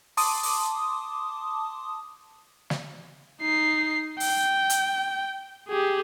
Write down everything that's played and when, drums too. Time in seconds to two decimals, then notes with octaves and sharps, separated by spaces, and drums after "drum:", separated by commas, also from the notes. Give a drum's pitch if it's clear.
0.17 A5 C6 D6 D#6, drum: open hi-hat
0.43 drum: open hi-hat
2.70 drum: snare
3.41 D#4 C7
4.20 G5, drum: open hi-hat
4.70 drum: hi-hat
5.69 G4 G#4